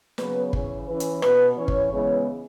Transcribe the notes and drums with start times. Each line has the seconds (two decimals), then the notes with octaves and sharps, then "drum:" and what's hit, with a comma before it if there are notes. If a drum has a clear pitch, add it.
0.18 C#3 F#3 B3 B4, drum: snare
0.53 C#3 E3 C#4 C#5, drum: kick G1
0.88 E3 C#4 B4
1.00 drum: hi-hat
1.22 B2 B3 B4, drum: rim click
1.57 E3 C#4 C#5
1.68 drum: kick G1
1.92 C#3 E3 G#3 B3 C#5